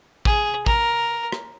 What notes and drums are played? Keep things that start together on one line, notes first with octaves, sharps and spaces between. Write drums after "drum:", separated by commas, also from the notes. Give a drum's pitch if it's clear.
G#4, drum: kick
A#4, drum: kick
drum: rim click